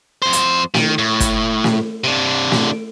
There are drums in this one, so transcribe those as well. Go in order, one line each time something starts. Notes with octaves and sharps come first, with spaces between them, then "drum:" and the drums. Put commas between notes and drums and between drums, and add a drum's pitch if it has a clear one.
F2 C5
drum: hi-hat
D#3, drum: snare
A2
drum: kick, hi-hat
drum: snare
C3 D4
drum: snare